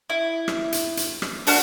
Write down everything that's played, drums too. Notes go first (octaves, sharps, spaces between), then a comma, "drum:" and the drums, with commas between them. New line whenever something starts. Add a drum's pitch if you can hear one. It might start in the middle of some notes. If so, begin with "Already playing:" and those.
E4
drum: rim click
drum: hi-hat
drum: hi-hat
drum: rim click
D4 F#4 F6, drum: open hi-hat